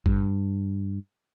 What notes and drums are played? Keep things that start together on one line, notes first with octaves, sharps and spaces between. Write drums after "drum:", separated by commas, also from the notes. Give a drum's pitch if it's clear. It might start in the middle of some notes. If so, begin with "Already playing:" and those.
G2, drum: kick